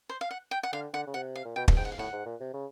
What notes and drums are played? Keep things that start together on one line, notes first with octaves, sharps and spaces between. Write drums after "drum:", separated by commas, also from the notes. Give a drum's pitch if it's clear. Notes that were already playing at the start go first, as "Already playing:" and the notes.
C5
F5
F#5
G5
F#5
D3 F5
D3 F#5
C#3
C3 F#5
F5
A#2
B2 G5
G2, drum: kick
G#2 G5
F#5
F5
A2 F#5
G#2
A#2
C3
C#3